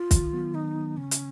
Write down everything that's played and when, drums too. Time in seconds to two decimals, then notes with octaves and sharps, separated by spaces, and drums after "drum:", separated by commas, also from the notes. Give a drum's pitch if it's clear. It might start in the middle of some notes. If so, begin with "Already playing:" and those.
Already playing: F4
0.11 D#3, drum: kick, hi-hat
0.32 F#3 B3
0.54 D#3 D#4
0.76 F#3 B3
0.97 C#3 C#4
1.11 drum: hi-hat